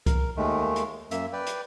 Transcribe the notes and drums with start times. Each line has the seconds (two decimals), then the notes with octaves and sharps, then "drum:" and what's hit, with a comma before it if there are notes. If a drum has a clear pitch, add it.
0.06 A#4, drum: kick C2, hi-hat
0.37 D#2 D#3 G#3 A3
0.76 drum: hi-hat
1.11 F#2 A#3 E5, drum: hi-hat
1.33 B4 D5 G5
1.47 drum: hi-hat